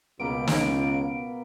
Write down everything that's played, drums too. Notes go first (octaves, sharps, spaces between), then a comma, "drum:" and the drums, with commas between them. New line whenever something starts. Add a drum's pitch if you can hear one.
C#2 B2 A#3 B4 D7
drum: snare